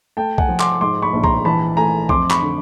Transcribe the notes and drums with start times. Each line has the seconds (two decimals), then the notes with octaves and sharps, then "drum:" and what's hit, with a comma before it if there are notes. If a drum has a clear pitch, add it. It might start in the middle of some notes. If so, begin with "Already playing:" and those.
0.17 A3 G5 A5
0.38 F#5 G#5, drum: kick
0.49 F3
0.60 C6 D6, drum: clap
0.81 G#2 C6 D6
1.02 B5 C#6
1.13 A#1
1.24 A#5 C6, drum: kick
1.45 E3 A5 B5
1.77 A3 G#5 A#5
2.09 F2 C6 D6, drum: kick
2.30 B5 C#6, drum: clap
2.42 D3